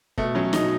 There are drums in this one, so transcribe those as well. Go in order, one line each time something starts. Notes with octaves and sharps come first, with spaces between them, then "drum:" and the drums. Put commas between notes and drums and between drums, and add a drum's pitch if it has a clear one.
B2 A3, drum: kick
F#3 C#4
B2 D#4, drum: snare